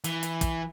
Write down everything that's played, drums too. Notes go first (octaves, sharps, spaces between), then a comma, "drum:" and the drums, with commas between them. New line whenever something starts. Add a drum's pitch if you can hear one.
E3, drum: hi-hat
drum: hi-hat
drum: kick, hi-hat